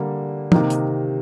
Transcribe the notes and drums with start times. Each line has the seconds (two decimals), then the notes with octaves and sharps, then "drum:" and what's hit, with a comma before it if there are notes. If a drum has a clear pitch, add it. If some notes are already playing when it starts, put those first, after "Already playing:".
Already playing: D3 G3 A#3
0.52 C3 D#3 A#3 D#4, drum: tom
0.70 drum: hi-hat